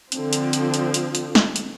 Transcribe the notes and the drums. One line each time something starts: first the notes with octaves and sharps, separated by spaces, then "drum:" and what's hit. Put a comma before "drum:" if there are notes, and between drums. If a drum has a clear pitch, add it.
D3 F3 C4, drum: hi-hat
drum: hi-hat
drum: hi-hat
drum: hi-hat
drum: hi-hat
drum: hi-hat
drum: snare
drum: hi-hat